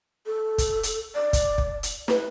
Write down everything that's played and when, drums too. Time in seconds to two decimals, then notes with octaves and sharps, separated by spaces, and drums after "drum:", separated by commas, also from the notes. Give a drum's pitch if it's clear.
0.26 A4
0.58 drum: kick, hi-hat
0.83 drum: hi-hat
1.15 D5
1.33 drum: kick, hi-hat
1.58 drum: kick
1.83 drum: hi-hat
2.08 B4, drum: snare